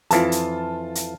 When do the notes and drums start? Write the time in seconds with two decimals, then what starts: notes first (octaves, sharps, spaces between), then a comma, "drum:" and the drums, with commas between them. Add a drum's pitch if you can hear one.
0.11 F2 E3 F4 A5, drum: hi-hat
0.32 drum: hi-hat
0.95 drum: hi-hat